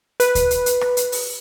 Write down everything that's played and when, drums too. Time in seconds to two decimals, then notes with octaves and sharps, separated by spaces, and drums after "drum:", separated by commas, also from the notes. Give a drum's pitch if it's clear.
0.20 B4, drum: hi-hat
0.35 drum: kick D2, hi-hat
0.51 drum: hi-hat
0.66 drum: hi-hat
0.81 drum: rim click
0.97 drum: hi-hat
1.12 drum: open hi-hat